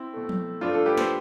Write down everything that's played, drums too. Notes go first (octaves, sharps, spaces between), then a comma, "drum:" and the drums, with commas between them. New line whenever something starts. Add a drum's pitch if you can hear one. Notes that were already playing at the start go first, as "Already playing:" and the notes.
Already playing: C4 E4
B2 A3
drum: tom F3
G2 F3 A3 D4 F4
F4 A4
G4 B4
A4 C5, drum: snare